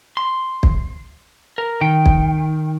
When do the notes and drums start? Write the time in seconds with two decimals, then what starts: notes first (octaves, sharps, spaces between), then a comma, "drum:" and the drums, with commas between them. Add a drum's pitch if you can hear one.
0.17 C6
0.63 drum: kick
1.58 A#4
1.81 D#3 G5
2.06 drum: kick